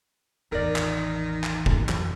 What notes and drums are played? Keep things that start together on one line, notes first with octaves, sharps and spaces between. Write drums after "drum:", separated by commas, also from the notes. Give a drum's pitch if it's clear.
A1 E2 D#3 A#4 D5
drum: clap
drum: clap
drum: kick
F2 E3 F#3, drum: clap